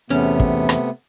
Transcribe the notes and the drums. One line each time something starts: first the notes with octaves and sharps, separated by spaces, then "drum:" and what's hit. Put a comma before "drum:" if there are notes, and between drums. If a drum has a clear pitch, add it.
E2 C3 A3 B3 C#4
drum: kick
drum: rim click